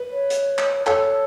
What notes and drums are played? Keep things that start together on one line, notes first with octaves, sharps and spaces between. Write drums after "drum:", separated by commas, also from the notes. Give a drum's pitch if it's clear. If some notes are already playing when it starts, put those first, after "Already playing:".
Already playing: B4
C#5
drum: hi-hat
drum: clap
A4 C#5, drum: clap